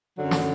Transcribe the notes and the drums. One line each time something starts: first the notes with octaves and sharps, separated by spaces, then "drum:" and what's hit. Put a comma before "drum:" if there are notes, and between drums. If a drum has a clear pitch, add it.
F#2 D3 F#3
drum: snare